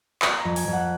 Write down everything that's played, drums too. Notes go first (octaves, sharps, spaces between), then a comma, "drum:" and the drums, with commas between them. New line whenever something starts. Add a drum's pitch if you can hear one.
A#3 A#5, drum: clap
A#5
F2
G#5, drum: open hi-hat
F2
F#5